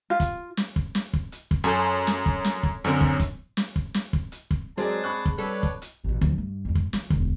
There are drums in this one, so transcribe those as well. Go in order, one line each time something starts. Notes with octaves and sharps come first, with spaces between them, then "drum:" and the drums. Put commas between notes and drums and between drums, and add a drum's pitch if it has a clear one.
F4
drum: kick, hi-hat
drum: snare
drum: kick
drum: snare
drum: kick
drum: hi-hat
drum: kick
F#2 C#4 A4 C5
drum: snare
drum: kick
drum: snare
drum: kick
F#2 D3 C4 C#4 A#4
drum: kick
drum: kick, hi-hat
drum: snare
drum: kick
drum: snare
drum: kick
drum: hi-hat
drum: kick
F#3 G#3 C4 D4 G#4 A#4 D5 A5
B5 C#6 F#6
drum: kick
G3 D4 A4 B4 C#5
drum: kick
drum: hi-hat
A1 A#2
D2 F3, drum: kick
G2
F2 G#2
drum: kick
F3, drum: snare
E1 D2, drum: kick